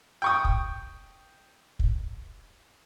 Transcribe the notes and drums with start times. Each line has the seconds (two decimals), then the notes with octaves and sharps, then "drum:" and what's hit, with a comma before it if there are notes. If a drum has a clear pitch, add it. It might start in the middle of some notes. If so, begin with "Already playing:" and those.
0.22 G5 C#6 D#6
0.44 drum: kick
1.79 drum: kick